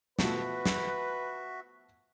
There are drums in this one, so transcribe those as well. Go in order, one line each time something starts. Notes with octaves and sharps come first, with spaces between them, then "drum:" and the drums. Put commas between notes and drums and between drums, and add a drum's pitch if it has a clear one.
B2 F3 A3 F#4 B4 E5, drum: snare
drum: snare